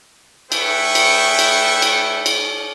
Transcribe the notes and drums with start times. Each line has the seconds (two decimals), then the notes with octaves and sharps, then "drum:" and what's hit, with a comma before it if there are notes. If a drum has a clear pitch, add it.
0.52 A3 G#4 B4 E5 G5 C#6, drum: cymbal
0.95 drum: cymbal
1.39 drum: cymbal
1.82 drum: cymbal
2.26 drum: cymbal